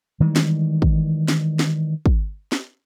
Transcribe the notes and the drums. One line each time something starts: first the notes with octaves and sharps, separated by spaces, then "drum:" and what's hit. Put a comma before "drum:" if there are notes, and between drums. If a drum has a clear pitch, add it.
D#3 E3 G3 G#3
drum: snare
drum: kick
drum: snare
drum: snare
drum: kick
drum: snare